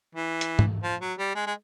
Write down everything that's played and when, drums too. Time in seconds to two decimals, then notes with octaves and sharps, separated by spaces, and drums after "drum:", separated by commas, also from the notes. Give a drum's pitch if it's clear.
0.15 E3
0.41 drum: hi-hat
0.59 drum: tom G#2
0.83 F3
1.01 F#3
1.19 G3
1.35 G#3
1.47 G#3